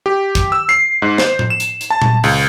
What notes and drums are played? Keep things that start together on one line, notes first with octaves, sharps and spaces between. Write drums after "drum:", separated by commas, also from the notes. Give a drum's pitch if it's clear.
G4
drum: kick, hi-hat
E6
C7
G#2
C5, drum: snare
drum: tom A2
E7
drum: hi-hat
drum: hi-hat
A5
drum: tom A#2
C#2, drum: open hi-hat